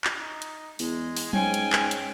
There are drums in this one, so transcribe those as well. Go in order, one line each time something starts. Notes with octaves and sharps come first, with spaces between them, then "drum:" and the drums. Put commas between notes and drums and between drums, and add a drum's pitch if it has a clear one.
drum: clap
D#4
drum: hi-hat
E2 G#3, drum: open hi-hat
drum: open hi-hat
G#2 C#4 G5 G#5, drum: tom F#3
drum: hi-hat
drum: clap
drum: hi-hat